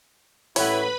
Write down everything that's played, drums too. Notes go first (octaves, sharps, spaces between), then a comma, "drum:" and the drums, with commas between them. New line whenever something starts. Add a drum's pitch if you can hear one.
A1 A2 E4 B4 C#5 F#5 B5, drum: open hi-hat